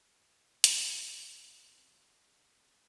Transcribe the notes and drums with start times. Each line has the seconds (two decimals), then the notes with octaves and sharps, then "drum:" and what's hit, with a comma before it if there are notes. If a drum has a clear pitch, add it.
0.64 drum: hi-hat
0.93 C3 C#4